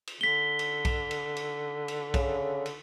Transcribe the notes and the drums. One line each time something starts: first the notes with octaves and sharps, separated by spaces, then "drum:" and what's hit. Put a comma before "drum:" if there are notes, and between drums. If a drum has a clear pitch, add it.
drum: cymbal
D3 B6 G7
drum: cymbal
drum: kick B1, cymbal
drum: cymbal
drum: cymbal
drum: cymbal
C#3, drum: kick B1, cymbal
drum: cymbal